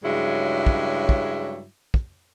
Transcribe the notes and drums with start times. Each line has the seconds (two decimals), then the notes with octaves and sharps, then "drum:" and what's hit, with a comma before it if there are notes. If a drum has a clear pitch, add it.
0.03 G2 C#3 F#3 G#3 E4
0.66 drum: kick
1.09 drum: kick
1.94 drum: kick